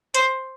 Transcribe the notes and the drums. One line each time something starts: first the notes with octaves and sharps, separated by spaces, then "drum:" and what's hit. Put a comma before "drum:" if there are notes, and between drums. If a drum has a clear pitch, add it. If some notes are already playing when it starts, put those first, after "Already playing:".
C5, drum: hi-hat